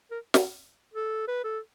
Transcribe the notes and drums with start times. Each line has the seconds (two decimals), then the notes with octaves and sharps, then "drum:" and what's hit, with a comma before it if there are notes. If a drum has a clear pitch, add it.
0.11 A#4
0.34 drum: snare
0.94 A4
1.28 B4
1.44 A4